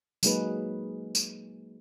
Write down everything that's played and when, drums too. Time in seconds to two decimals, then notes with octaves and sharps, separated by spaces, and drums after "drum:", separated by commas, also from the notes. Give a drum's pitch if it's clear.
0.23 F#3 G#3 A#3 D#4 G#4 B4, drum: tambourine
1.15 drum: tambourine